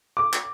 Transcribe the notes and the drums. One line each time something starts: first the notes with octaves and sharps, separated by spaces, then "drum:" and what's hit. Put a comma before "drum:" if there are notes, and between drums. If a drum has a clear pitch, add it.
D6
drum: clap